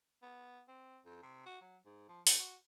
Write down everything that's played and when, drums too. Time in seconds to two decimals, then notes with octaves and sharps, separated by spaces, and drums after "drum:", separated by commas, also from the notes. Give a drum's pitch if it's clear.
0.22 B3
0.68 C4
1.06 F2
1.22 C3
1.46 F#4
1.61 F#3
1.86 G#2
2.09 F3
2.27 A2, drum: open hi-hat
2.40 F#4